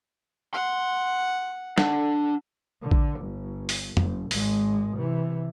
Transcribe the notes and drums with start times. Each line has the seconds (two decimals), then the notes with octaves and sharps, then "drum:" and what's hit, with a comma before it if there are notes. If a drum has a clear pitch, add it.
0.54 F#5 C6
1.78 D4 F#5, drum: snare
2.82 D3
2.91 drum: kick A1
3.20 G1
3.69 drum: open hi-hat
3.97 F#1, drum: tom
4.31 G#1 G#3, drum: open hi-hat
4.96 C3 E3